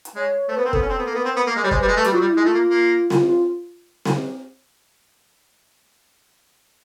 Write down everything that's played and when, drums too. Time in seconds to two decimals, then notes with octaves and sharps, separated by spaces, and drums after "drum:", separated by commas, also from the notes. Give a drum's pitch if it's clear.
0.05 drum: hi-hat
0.15 G#3 C#5
0.48 A3 C5
0.56 B3 B4
0.65 C4 A#4
0.73 B3 A4, drum: kick
0.82 C#4
0.89 C4
0.98 B3
1.06 A#3
1.14 B3 A#4
1.25 C4
1.36 B3
1.47 A#3
1.56 G#3
1.64 G3 C#5
1.71 G#3 C5, drum: kick
1.80 G3 B4
1.88 G#3
1.96 A3 B4
2.04 G3, drum: hi-hat
2.12 F#3 F4
2.21 G3
2.29 E4
2.37 G#3
2.45 A3 F4
2.53 A#3
2.70 A#3
3.10 F4, drum: snare C4
3.27 F4
4.05 drum: snare C4